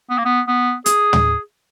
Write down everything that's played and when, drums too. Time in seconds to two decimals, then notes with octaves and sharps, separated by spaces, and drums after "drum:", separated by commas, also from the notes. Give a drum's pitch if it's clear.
0.10 B3
0.18 A#3
0.25 B3
0.48 B3
0.86 G#4, drum: hi-hat
1.13 drum: tom